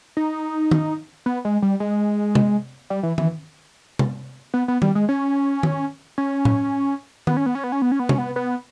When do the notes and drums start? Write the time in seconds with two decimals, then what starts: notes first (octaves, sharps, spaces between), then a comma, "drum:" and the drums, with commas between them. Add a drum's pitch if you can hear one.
0.17 D#4
0.71 drum: tom D#3
1.26 B3
1.45 G#3
1.62 G3
1.80 G#3
2.35 drum: tom C3
2.90 G3
3.03 E3
3.18 E3, drum: tom D#3
3.99 drum: tom C3
4.54 B3
4.68 B3
4.82 G3, drum: tom D#3
4.95 G#3
5.09 C#4
5.63 drum: tom D#3
6.18 C#4
6.45 drum: tom A2
7.27 B3, drum: tom D#3
7.37 C#4
7.46 B3
7.55 C#4
7.64 B3
7.72 C#4
7.82 B3
7.92 C#4
7.99 B3
8.09 C#4, drum: tom C3
8.18 B3
8.36 B3